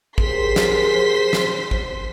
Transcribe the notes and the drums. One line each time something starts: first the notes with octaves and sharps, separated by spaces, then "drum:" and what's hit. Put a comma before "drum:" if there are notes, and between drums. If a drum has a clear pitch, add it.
F#3 G4 G#4 A#4 C5 C6 B6, drum: kick
drum: snare
drum: snare
drum: kick